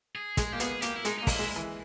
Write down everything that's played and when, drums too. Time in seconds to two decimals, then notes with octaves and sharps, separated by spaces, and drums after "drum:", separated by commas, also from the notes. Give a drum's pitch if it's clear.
0.16 G#4
0.37 G#3 G#4, drum: kick, hi-hat
0.52 A#3 G4
0.60 B3 G#4, drum: hi-hat
0.82 A#3 G4, drum: hi-hat
0.96 E4
1.05 G#3 D#4, drum: hi-hat
1.19 D#4
1.22 A#3
1.27 E4, drum: kick, open hi-hat
1.39 G#3
1.56 E3